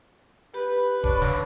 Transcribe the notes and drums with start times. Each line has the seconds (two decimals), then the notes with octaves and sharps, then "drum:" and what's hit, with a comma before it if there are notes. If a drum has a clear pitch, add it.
0.54 G4 B4
1.04 D4 C#5 C#6, drum: kick
1.22 drum: snare